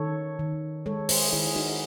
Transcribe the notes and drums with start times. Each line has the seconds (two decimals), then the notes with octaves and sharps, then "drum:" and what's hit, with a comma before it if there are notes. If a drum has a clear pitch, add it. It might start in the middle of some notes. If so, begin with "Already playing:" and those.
Already playing: D#3 A4 C#5
0.39 D#3
0.86 G#3 A4 C#5
1.09 G#4 C5, drum: open hi-hat
1.33 D#3 E4 G#4
1.55 D#4 F#4